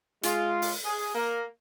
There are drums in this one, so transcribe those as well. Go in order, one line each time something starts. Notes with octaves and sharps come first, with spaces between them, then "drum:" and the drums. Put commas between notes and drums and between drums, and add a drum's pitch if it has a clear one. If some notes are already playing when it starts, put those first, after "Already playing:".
G#3 F4, drum: hi-hat
drum: open hi-hat
G#4
A#3 A#4